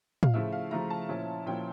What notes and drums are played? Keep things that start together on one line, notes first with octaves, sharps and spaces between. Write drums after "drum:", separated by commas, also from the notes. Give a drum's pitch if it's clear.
F5, drum: tom A2
C#3 F3 A3 E4 E5
F5
C#3 F3 A3 E4 A#5
A5
A#2 F3 C#4 E4
A#2 F3 C#4 E4 G5